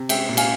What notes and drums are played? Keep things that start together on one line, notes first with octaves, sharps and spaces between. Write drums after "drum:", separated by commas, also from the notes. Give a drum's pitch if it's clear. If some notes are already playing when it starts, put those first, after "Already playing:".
Already playing: C3
G#3 E5 G5, drum: cymbal
A#2
F5 G#5, drum: cymbal